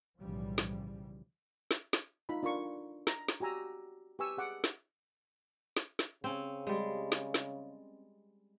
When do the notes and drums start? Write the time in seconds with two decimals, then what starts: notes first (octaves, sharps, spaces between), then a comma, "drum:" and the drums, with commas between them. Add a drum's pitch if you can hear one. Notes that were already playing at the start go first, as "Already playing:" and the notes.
0.19 B1 A2 C#3 E3 F3 G3
0.58 drum: snare
1.71 drum: snare
1.93 drum: snare
2.29 D#4 F4 B5
2.43 D4 F4 A#4 C#6
3.07 A#5, drum: snare
3.28 drum: snare
3.40 F#4 G4 G#5 A#5 E6
4.19 G4 B4 G#5 C#6 E6
4.38 G#4 F#5 D6
4.64 drum: snare
5.77 drum: snare
5.99 drum: snare
6.24 C#3 C4 C#4
6.67 G3 G#3
7.12 drum: snare
7.34 drum: snare